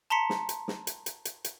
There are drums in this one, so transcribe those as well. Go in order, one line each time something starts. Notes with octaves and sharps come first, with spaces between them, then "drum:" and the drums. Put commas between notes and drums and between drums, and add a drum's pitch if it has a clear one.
A5 A#5 C6 B6 C#7
drum: snare
drum: hi-hat
drum: snare
drum: hi-hat
drum: hi-hat
drum: hi-hat
drum: hi-hat